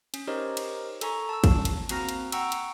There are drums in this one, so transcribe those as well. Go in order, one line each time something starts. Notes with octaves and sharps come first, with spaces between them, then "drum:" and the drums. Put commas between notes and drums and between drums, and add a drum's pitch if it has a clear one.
C#4, drum: cymbal
D#4 G4 A#4 C5 C#5 D#5
drum: cymbal
A4 G#5 A#5 C#6, drum: cymbal
A5 E6
drum: kick, cymbal
drum: cymbal
A#3 C4 F#4 A#5 F6 A#6, drum: cymbal
drum: cymbal
F#5 G5 A#5 C#6 E6, drum: cymbal
drum: cymbal